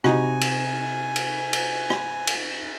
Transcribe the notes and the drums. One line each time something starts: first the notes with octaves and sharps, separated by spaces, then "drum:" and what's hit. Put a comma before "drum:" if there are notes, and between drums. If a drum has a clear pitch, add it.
C3 D#4 F#4 G#5, drum: rim click
drum: cymbal
drum: cymbal
drum: cymbal
drum: rim click
drum: cymbal